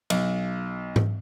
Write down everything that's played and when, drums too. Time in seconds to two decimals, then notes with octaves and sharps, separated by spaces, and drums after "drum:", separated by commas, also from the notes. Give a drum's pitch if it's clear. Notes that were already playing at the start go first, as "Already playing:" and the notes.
0.10 B1, drum: cymbal
0.96 drum: tom G#2